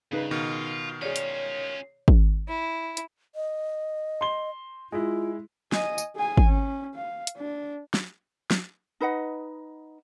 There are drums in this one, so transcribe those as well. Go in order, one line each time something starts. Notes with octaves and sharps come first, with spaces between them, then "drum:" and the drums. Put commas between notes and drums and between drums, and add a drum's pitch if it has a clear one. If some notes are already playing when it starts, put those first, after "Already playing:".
G2 C#3 D#4 B4
B2 D#3 F4
C#4 F4 G#4 C#5 D5
drum: hi-hat
drum: kick G#1
E4
drum: hi-hat
D#5
C6 G7
G#3 E4 F4
D#5 G#5, drum: snare
drum: tambourine
G#4 G#5
drum: kick G#1
C#4
F5
drum: hi-hat
D4
drum: snare
drum: snare
D#4 B4 D#5 F#5